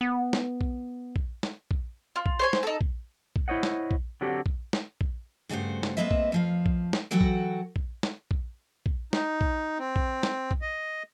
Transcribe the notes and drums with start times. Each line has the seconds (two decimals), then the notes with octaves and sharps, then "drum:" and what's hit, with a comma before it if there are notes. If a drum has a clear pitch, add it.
0.01 B3
0.33 drum: snare
0.61 drum: kick A#1
1.16 drum: kick A#1
1.43 drum: snare
1.71 drum: kick A#1
2.16 F4
2.26 drum: kick A#1
2.39 C5 C#5 G#5
2.53 drum: snare
2.63 D#4 A4
2.81 drum: kick A#1
3.36 drum: kick A#1
3.48 E4 C5 C#5 D#5 F#5
3.63 drum: snare
3.91 drum: kick A#1
4.21 D3 F#3 C4 D4 F#4 G4
4.46 drum: kick A#1
4.73 drum: snare
5.01 drum: kick A#1
5.49 G2 C#3 A3 F#4 C5
5.83 drum: snare
5.97 G#3 A#3 C4 B4 D#5 E5
6.11 drum: kick A#1
6.32 F2 F3 F5
6.66 drum: kick A#1
6.93 drum: snare
7.11 E3 F#3 F#4 A4 F#5 G5
7.21 drum: kick A#1
7.76 drum: kick A#1
8.03 drum: snare
8.31 drum: kick A#1
8.86 drum: kick A#1
9.13 D#4, drum: snare
9.41 drum: kick A#1
9.79 C4
9.96 drum: kick A#1
10.23 drum: snare
10.51 drum: kick A#1
10.62 D#5